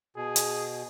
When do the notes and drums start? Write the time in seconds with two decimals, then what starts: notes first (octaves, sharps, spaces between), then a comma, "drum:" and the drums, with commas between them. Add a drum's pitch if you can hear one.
0.16 B2 G#4
0.36 drum: hi-hat